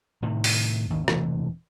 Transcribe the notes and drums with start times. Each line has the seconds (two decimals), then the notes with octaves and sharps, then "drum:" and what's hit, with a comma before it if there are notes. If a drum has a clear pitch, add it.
0.22 A2 C3 D#3
0.44 drum: open hi-hat
0.90 G#1 D#2
1.08 E1 C3 E3 A3, drum: rim click